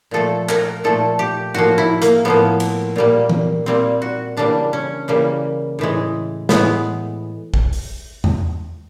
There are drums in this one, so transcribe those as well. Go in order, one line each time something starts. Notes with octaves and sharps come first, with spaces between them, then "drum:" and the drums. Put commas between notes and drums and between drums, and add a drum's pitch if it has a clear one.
A#2 F3 A3 A4
A#4, drum: clap
A#2 F3 A3 A4
G4
A2 F3 A#3 F#4
E4
A#3, drum: hi-hat
A2 F3 A#3 B3
drum: cymbal
A#2 G3 A#3
drum: tom E3
A#2 G3 A#3 C4
F#4
C#3 E3 G3 A#3 D4
C#4
C#3 E3 G3 A#3
A2 E3 G#3
A2 E3 G#3 B3, drum: snare
drum: kick
drum: open hi-hat
drum: tom E2